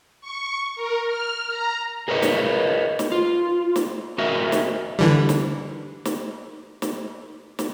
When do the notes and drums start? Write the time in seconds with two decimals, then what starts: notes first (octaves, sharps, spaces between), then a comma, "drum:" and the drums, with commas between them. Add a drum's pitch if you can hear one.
0.21 C#6
0.76 A#4
1.07 F6
1.49 A#5
2.08 G#4 A#4 B4 C#5 D#5
2.22 drum: snare
2.99 drum: snare
3.12 F4
3.76 drum: snare
4.18 C4 F#4 A#4 D#5 E5
4.52 drum: snare
4.99 D3 E3 G3
5.29 drum: snare
6.05 drum: snare
6.82 drum: snare
7.59 drum: snare